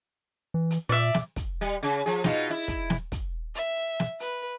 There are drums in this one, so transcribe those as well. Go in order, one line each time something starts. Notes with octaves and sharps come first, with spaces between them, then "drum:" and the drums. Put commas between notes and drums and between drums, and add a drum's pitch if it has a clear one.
E3
drum: hi-hat
A#2 D5 E5
drum: snare
drum: kick, hi-hat
G3, drum: hi-hat
C#3, drum: hi-hat
F3 G#4
B2 D#4 F4, drum: snare
E4
drum: kick, hi-hat
drum: snare
drum: kick, hi-hat
E5, drum: hi-hat
drum: snare
B4, drum: hi-hat